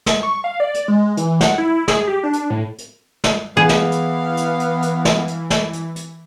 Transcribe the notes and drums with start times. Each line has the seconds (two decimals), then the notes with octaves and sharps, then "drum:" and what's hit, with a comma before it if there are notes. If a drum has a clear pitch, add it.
0.06 drum: snare
0.23 C#6
0.44 F5
0.60 D5
0.74 drum: hi-hat
0.88 G#3
1.17 E3, drum: hi-hat
1.41 F#5, drum: snare
1.58 E4
1.88 G#4, drum: snare
2.08 G4
2.23 D4
2.33 drum: hi-hat
2.50 A2
2.78 drum: hi-hat
3.24 drum: snare
3.57 E3 B3 G#4 F5
3.69 drum: snare
3.92 drum: hi-hat
4.37 drum: hi-hat
4.60 drum: hi-hat
4.82 drum: hi-hat
5.05 drum: snare
5.28 drum: hi-hat
5.50 drum: snare
5.73 drum: hi-hat
5.96 drum: hi-hat